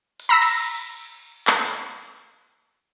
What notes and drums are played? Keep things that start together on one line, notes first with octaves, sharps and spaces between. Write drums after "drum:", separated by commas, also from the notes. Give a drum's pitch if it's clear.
drum: open hi-hat
A#5 B5 E6 A#6 B6
drum: cymbal
drum: clap